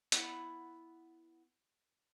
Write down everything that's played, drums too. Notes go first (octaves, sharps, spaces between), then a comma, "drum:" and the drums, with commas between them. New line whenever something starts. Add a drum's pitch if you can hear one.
B3 E4 F#5, drum: hi-hat